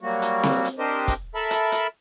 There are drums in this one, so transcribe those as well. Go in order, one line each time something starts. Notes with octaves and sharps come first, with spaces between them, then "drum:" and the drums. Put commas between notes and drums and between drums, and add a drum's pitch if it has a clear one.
F#3 G3 A#3 F#4
drum: hi-hat
drum: snare C4
drum: hi-hat
C4 D4 G4 A#4 C5 D#5
drum: kick, hi-hat
A4 A#4 E5 A5 B5
drum: hi-hat
drum: hi-hat